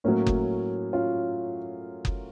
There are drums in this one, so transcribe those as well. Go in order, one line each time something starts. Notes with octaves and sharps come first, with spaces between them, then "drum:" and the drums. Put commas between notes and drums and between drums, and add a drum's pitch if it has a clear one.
A2 F#3 A#3 C#4
drum: kick F#1
C#4 F4
drum: kick F#1